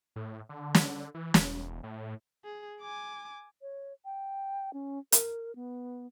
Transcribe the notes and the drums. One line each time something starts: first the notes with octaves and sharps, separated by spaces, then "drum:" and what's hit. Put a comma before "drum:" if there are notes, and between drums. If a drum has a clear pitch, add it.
A2
D3
drum: snare
E3
E1, drum: snare
A2
G#4
G#5 D6
C#5
G5
C#4
A#4, drum: hi-hat
B3